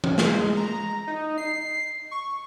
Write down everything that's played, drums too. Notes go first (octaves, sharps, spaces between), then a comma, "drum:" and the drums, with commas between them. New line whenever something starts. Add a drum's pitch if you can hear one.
drum: tom E3
G#3, drum: snare
A#5
D#4
C7
C#6